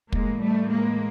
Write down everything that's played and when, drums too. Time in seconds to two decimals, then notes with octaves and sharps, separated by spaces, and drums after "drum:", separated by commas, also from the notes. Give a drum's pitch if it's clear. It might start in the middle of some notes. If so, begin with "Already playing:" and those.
0.12 A2 E3 G#3 A#3, drum: kick
0.42 G3 A3
0.72 G#3 A#3